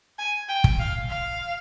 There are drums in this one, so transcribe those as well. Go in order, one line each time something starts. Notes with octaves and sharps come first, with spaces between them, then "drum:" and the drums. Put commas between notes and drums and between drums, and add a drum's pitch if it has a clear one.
G#5
G5
drum: kick
F5
F5